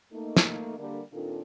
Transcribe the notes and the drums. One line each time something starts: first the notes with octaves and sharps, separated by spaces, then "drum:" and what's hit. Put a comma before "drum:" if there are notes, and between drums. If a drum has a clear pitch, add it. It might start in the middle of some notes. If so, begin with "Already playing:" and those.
A3 A#3 D#4
drum: snare
D3 G3 A#3
A#2 D#3 C4 D4 F4 A4